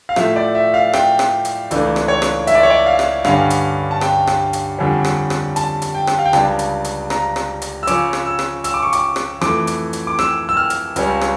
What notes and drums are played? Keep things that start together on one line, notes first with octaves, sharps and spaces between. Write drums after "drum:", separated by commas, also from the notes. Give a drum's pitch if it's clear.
F5
A2 F3 A3 E5, drum: rim click
D5
E5
F5
G5, drum: rim click
drum: rim click
drum: hi-hat
C#2 C#3 E3 A3 D4, drum: hi-hat
drum: rim click
C#5
drum: rim click
E5, drum: hi-hat
D5
C#5
D5
F5
drum: rim click
G2 D3 G3 C#4 F5, drum: rim click
drum: hi-hat
A5
G5, drum: rim click
drum: rim click
drum: hi-hat
F2 D3 G3 C#4
drum: rim click
drum: rim click
A5, drum: hi-hat
drum: hi-hat
G5
drum: rim click
F5
G5
C#2 C#3 G3 D4 A5, drum: rim click
drum: hi-hat
drum: hi-hat
A#5, drum: rim click
drum: rim click
drum: hi-hat
E6
C#3 F3 C#4 D6, drum: hi-hat
drum: rim click
E6
drum: rim click
E6, drum: hi-hat
D6
C#6
D6, drum: hi-hat
drum: rim click
F2 E3 A3 D6, drum: rim click
drum: hi-hat
drum: hi-hat
D6
E6, drum: rim click
E6
F6
drum: hi-hat
C#2 C#3 G3 C#4, drum: hi-hat
drum: rim click